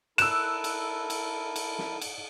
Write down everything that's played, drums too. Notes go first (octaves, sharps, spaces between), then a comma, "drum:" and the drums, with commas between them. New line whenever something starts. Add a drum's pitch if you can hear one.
E4 A4 A#4 E6 F#6 E7, drum: cymbal
drum: cymbal
drum: cymbal
drum: cymbal
drum: snare
drum: cymbal